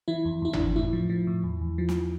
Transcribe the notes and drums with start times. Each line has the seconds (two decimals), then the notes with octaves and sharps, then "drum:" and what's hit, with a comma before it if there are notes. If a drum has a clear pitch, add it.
0.08 E3 E4
0.25 F2
0.42 F2 E4
0.53 D4, drum: tom G1
0.59 F2
0.76 A2 E4
0.93 F3
1.10 F3
1.27 A2
1.44 E2
1.61 E2
1.78 F3
1.89 drum: snare